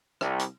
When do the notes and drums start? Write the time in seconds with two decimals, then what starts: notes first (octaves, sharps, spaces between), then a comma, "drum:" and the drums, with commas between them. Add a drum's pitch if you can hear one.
0.21 C2, drum: rim click
0.39 drum: hi-hat